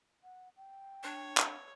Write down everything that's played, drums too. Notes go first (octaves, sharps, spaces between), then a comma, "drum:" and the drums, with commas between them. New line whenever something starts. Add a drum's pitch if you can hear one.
F#5
G5
D4 C#5
drum: clap